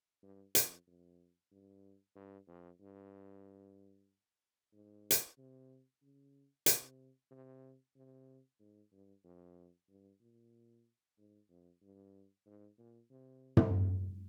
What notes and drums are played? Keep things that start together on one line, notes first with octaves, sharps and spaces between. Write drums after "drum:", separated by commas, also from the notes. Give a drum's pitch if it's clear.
G2
F2, drum: hi-hat
F2
G2
G2
F2
G2
G#2
drum: hi-hat
C3
C#3
C3, drum: hi-hat
C3
C3
G#2
G2
F2
G2
A#2
G#2
F2
G2
G#2
A#2
C3
drum: tom
C#3